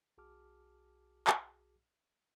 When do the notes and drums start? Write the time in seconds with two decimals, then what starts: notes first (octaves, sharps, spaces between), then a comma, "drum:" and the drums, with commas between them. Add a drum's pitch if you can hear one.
0.18 B1 F#4 G#4 A5 D6 F6
1.27 drum: clap